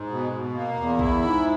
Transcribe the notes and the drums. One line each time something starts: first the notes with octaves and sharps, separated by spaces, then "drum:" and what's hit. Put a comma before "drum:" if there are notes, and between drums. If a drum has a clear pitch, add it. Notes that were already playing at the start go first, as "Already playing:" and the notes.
Already playing: G#2
B2
B2
A#3
E2
E4, drum: kick A#1
G#2